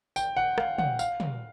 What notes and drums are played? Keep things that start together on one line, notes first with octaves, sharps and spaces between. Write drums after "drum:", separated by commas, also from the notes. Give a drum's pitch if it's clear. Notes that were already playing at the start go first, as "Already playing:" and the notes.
G5, drum: tambourine
F#5
F5, drum: rim click
F#5, drum: tom
F5, drum: tambourine
drum: tom